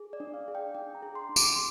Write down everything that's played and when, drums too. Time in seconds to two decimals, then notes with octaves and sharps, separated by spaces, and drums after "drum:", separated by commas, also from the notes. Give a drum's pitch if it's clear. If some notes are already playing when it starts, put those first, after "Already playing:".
Already playing: G#4
0.13 D5
0.20 D4
0.34 F5
0.48 G#4
0.55 G5
0.74 D4 G5
0.95 A#5
1.02 G#4
1.15 C6
1.29 D4
1.36 D6, drum: tambourine
1.56 C6